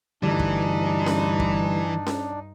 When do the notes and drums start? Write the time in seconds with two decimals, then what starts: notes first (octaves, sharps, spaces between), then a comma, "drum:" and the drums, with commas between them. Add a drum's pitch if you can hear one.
0.23 D2 G2 E3 G3 D4 D#4 D5
0.40 drum: kick
1.06 drum: snare C#4
1.40 drum: kick
2.06 drum: snare C#4